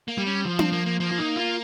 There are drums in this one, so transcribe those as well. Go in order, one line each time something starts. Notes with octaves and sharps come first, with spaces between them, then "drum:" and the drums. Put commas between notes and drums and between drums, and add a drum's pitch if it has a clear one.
A#3
G3
C#4
F3
C4, drum: tom D4
A#3
A#3
F3 A#3
F4
D#4
F4